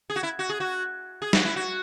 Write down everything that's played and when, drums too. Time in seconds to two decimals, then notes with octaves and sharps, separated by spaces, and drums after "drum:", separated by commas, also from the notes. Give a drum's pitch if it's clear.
0.10 G#4
0.16 F#4
0.23 E4
0.39 F#4
0.49 G#4
0.60 F#4
1.22 G#4
1.33 F#4, drum: snare
1.45 E4
1.56 F#4